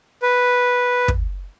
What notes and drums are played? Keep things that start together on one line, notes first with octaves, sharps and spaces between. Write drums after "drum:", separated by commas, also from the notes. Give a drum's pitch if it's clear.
B4
drum: kick